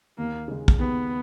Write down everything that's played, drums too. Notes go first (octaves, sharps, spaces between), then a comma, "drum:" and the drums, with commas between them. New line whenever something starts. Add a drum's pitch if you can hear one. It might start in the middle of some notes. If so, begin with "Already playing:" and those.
D#2 A#3
C#3 G#3
drum: kick
D#2 B3